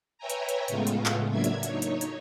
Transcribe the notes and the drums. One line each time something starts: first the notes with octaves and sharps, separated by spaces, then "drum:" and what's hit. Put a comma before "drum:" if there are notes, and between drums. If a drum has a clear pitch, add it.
B4 C#5 E5 G5 G#5 A#5
drum: hi-hat
drum: hi-hat
A2 C#3 G#3 A3 B3 F4, drum: hi-hat
drum: hi-hat
drum: clap
F#3 A#3 D4 E5 G#6
drum: hi-hat
D#4 C#5, drum: hi-hat
drum: hi-hat
drum: hi-hat